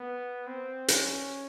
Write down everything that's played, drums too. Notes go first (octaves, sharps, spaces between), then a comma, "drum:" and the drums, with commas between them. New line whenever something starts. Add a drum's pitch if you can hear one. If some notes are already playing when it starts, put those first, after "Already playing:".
Already playing: B3
C4
C#4, drum: hi-hat